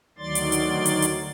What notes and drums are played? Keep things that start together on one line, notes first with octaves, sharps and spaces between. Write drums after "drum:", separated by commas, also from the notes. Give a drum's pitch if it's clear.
D2 D#3 F#3 D5 C6 A6
drum: hi-hat
drum: hi-hat
drum: hi-hat
drum: hi-hat